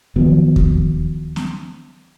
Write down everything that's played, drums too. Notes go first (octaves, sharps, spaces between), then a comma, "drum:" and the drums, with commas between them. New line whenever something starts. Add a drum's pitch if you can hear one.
D#3 F3 F#3 B3
drum: kick D#2
drum: snare